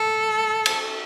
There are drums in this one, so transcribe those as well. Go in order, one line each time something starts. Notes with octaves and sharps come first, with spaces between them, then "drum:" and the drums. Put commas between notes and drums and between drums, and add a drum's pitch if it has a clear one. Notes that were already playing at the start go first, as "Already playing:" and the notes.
Already playing: A4
drum: cymbal